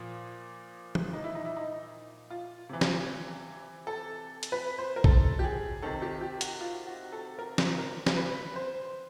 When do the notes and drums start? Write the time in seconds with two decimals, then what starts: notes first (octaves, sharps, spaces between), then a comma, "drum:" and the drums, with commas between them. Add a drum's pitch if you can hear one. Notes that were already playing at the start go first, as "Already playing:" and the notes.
Already playing: A#2 F3
0.95 drum: tom
1.13 D#4
1.24 E4
1.35 D#4
1.45 E4
1.56 D#4
2.30 F4
2.69 C3 E3
2.81 drum: snare
3.87 A4
4.43 drum: hi-hat
4.52 B4
4.79 C5
4.96 A#4
5.04 A4, drum: kick A#1
5.39 G4
5.43 G#4
5.82 C3 D#3 A4
6.02 G4
6.21 G4
6.41 F#4, drum: hi-hat
6.61 F4
6.87 F#4
7.12 A4
7.39 A#4
7.58 drum: snare
7.78 A#4
8.06 drum: snare
8.17 B4
8.56 C5